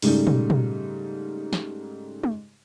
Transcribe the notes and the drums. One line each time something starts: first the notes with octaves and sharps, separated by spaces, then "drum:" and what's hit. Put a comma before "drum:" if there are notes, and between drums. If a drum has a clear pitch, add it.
G#2 C#3 G3 A3 D#4, drum: open hi-hat
drum: tom
drum: tom
drum: snare
drum: tom G#3